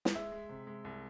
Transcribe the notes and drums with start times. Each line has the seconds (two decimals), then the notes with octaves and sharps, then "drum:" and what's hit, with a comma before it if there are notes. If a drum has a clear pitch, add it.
0.05 drum: snare
0.15 G#3 E5
0.32 G#3
0.49 C3
0.67 G#3
0.85 C2